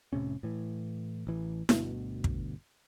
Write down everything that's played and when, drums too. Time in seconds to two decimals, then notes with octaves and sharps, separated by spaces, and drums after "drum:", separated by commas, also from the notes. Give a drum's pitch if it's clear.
0.13 F1 A2 C3 C#4
0.43 A2 E3
1.27 A1 E3
1.69 G1 D2 B2, drum: snare E4
2.24 drum: kick